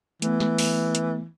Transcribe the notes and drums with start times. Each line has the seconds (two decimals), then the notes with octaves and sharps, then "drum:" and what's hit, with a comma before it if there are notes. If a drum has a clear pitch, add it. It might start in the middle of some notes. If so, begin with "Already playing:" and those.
0.22 E3 A3 B3, drum: hi-hat
0.40 drum: snare
0.58 drum: open hi-hat
0.95 drum: hi-hat